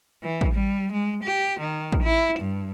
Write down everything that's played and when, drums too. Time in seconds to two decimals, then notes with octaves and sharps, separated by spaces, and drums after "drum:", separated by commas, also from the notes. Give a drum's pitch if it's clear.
0.22 E3
0.41 drum: kick
0.54 G3
0.92 G#3
1.24 G4
1.60 D#3
1.92 drum: kick
2.03 E4
2.40 G2